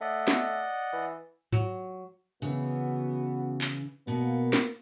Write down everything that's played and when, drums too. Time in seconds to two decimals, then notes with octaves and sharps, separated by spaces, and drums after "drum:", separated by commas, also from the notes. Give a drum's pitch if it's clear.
0.01 A3 D5 D#5 F#5
0.28 drum: snare
0.93 E3
1.53 F#3, drum: tom G#2
2.42 C#3 E3 B3 F#4
3.61 drum: clap
4.07 B2 A#3 B3
4.53 drum: snare